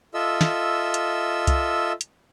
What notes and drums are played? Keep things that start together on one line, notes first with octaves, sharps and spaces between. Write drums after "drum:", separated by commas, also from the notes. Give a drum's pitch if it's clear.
F4 A4 D#5 E5 E6
drum: snare
drum: hi-hat
drum: kick C2, hi-hat
drum: hi-hat